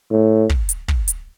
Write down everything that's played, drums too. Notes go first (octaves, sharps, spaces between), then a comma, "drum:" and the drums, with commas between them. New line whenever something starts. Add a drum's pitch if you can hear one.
A2
drum: kick
drum: hi-hat
drum: kick
drum: hi-hat